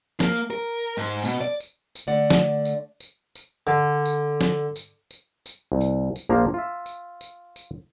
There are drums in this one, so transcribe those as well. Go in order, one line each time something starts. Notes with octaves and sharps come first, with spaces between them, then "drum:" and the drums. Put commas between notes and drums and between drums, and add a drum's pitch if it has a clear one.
A#3, drum: snare
A#4
G#2
B2, drum: tambourine
D5
drum: tambourine
drum: tambourine
D3 A3 D5 F#5
drum: snare
drum: tambourine
drum: tambourine
drum: tambourine
D3
drum: tambourine
drum: snare
drum: tambourine
drum: tambourine
drum: tambourine
C2
drum: tambourine
drum: tambourine
A#1 F3 A#3 C5 F5
F4 E5
drum: tambourine
drum: tambourine
drum: tambourine